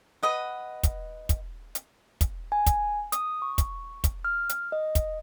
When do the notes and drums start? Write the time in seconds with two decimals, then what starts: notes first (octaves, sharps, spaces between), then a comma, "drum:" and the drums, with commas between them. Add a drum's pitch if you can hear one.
0.23 B4 D#5 F#5
0.83 drum: kick, hi-hat
1.29 drum: kick, hi-hat
1.75 drum: hi-hat
2.21 drum: kick, hi-hat
2.52 G#5
2.66 drum: kick, hi-hat
3.12 D#6, drum: hi-hat
3.42 C#6
3.58 drum: kick, hi-hat
4.04 drum: kick, hi-hat
4.25 F6
4.49 drum: hi-hat
4.72 D#5
4.95 drum: kick, hi-hat